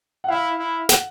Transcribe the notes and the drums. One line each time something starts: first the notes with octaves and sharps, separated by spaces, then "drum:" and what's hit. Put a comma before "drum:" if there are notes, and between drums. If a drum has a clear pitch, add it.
F#5
E4 F5
E4
F#5, drum: snare